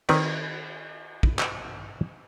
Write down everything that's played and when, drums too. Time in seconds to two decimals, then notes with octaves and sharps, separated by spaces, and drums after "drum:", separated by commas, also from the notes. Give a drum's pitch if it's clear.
0.09 D#3 C4 B4 D5, drum: cymbal
1.23 drum: kick
1.39 drum: clap